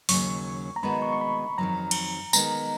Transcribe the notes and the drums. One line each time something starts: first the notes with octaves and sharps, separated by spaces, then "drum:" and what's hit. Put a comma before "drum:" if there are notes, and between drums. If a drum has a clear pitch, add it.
D#2 C#3 F#3 C#6, drum: open hi-hat
A#5
D#3 G#3 B3 D#4 F#4 B5
C#6
C#6
B5
F2 D#3 F#3 A#5
drum: cymbal
D#3 G#3 B3 A#5, drum: tambourine